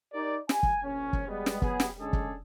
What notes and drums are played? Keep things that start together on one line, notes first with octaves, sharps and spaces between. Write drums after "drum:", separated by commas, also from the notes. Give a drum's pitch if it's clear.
D#4 G4 A#4 D5
G#5, drum: snare
drum: kick
A#1 C#4
drum: kick
G3 G#3 B3
drum: snare
F#3 B3 G#4, drum: kick
drum: snare
D3 G#3 C#4 D4 G#4 A4
drum: kick